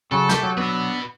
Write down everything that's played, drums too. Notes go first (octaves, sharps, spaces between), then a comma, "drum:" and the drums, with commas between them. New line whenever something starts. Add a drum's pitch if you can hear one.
C#3 F#3 A4
A3 G4, drum: snare
F#3
B3 D4 F#4 B4 E6